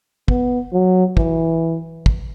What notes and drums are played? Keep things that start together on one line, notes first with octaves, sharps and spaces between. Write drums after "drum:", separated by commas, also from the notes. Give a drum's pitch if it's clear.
B3, drum: kick
F#3
E3, drum: kick
drum: kick